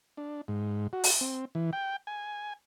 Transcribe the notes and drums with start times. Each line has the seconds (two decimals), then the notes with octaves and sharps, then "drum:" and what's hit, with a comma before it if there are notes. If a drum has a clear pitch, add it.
0.17 D4
0.48 G#2
0.93 F#4
1.04 drum: open hi-hat
1.21 C4
1.55 E3
1.73 G5
2.07 G#5